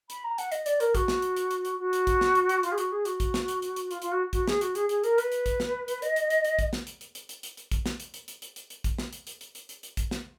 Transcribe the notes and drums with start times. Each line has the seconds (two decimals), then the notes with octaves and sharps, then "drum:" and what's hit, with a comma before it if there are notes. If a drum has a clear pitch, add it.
0.10 B5, drum: hi-hat
0.24 A#5
0.38 F#5, drum: hi-hat
0.52 D#5, drum: hi-hat
0.66 D5, drum: hi-hat
0.80 A#4, drum: hi-hat
0.95 F#4, drum: kick A#1, hi-hat
1.08 drum: snare
1.22 drum: hi-hat
1.36 drum: hi-hat
1.51 drum: hi-hat
1.65 drum: hi-hat
1.79 F#4
1.93 drum: hi-hat
2.07 drum: kick A#1, hi-hat
2.21 drum: snare
2.35 drum: hi-hat
2.49 drum: hi-hat
2.63 F4, drum: hi-hat
2.72 G#4
2.78 F#4, drum: hi-hat
2.92 G#4
3.05 F#4, drum: hi-hat
3.20 drum: kick A#1, hi-hat
3.34 drum: snare
3.48 drum: hi-hat
3.62 drum: hi-hat
3.76 drum: hi-hat
3.91 F4, drum: hi-hat
4.02 F4, drum: hi-hat
4.12 F#4
4.33 F#4, drum: kick A#1, hi-hat
4.48 G#4, drum: snare
4.61 F#4, drum: hi-hat
4.75 G#4, drum: hi-hat
4.89 G#4, drum: hi-hat
5.04 A#4, drum: hi-hat
5.18 B4, drum: hi-hat
5.32 drum: hi-hat
5.46 drum: kick A#1, hi-hat
5.60 drum: snare
5.88 drum: hi-hat
6.02 D#5, drum: hi-hat
6.16 drum: hi-hat
6.30 drum: hi-hat
6.44 drum: hi-hat
6.59 drum: kick A#1, hi-hat
6.73 drum: snare
6.87 drum: hi-hat
7.01 drum: hi-hat
7.15 drum: hi-hat
7.29 drum: hi-hat
7.43 drum: hi-hat
7.57 drum: hi-hat
7.71 drum: kick A#1, hi-hat
7.86 drum: snare
8.00 drum: hi-hat
8.14 drum: hi-hat
8.28 drum: hi-hat
8.42 drum: hi-hat
8.56 drum: hi-hat
8.70 drum: hi-hat
8.84 drum: kick A#1, hi-hat
8.98 drum: snare
9.13 drum: hi-hat
9.27 drum: hi-hat
9.41 drum: hi-hat
9.55 drum: hi-hat
9.69 drum: hi-hat
9.83 drum: hi-hat
9.97 drum: kick A#1, hi-hat
10.11 drum: snare